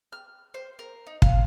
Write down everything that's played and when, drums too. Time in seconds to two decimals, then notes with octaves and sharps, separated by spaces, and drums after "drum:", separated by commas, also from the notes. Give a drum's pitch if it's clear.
0.12 F6
0.54 C5
0.79 A#4
1.07 D#4
1.22 F5, drum: kick